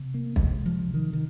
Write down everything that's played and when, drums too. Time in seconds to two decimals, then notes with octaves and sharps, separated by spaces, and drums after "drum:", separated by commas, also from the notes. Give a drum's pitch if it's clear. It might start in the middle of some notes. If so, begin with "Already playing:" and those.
Already playing: C3
0.14 A#3
0.36 C3 G#3, drum: kick
0.66 F3
0.79 C3
0.94 D#3
1.13 D#3